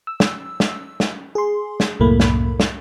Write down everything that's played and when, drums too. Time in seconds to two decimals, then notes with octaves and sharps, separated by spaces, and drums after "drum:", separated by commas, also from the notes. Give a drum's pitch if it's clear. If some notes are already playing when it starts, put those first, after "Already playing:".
0.07 E6
0.20 drum: snare
0.60 drum: snare
1.00 drum: snare
1.35 G#4 C6
1.80 drum: snare
2.00 C2 F#2 A2 A3 A#3 B5
2.20 drum: snare
2.60 drum: snare